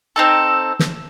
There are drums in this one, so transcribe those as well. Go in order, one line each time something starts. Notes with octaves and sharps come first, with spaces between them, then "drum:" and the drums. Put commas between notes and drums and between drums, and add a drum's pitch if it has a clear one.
C4 D#4 A4
drum: snare